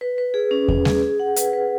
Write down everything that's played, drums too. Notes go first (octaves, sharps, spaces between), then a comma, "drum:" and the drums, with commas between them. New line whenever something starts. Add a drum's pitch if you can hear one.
B4
B4
G#4
C#4
C#4, drum: kick E2
G#4, drum: snare G3
G#4
F#5
B4, drum: hi-hat
B4